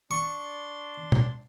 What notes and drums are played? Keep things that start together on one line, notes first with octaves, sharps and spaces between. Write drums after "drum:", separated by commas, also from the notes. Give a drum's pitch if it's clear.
D4 C6 C#6
drum: tom